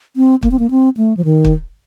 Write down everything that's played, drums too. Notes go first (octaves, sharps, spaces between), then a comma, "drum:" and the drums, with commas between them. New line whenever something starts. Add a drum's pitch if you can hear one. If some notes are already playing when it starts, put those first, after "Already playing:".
C4
A#3, drum: kick
C4
A#3
C4
A3
F3
D#3
drum: kick